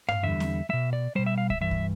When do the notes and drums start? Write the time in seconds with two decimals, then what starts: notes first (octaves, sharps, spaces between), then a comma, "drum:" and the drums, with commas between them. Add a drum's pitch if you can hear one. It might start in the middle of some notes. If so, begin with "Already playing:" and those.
0.09 F5, drum: tom G2
0.23 E2 D3 G3 E5
0.40 drum: snare
0.69 B2 G3 E5
0.93 D5
1.15 B2 G3 C5
1.26 E5
1.38 F5
1.50 E5, drum: kick
1.61 G2 E3 E5
1.71 drum: kick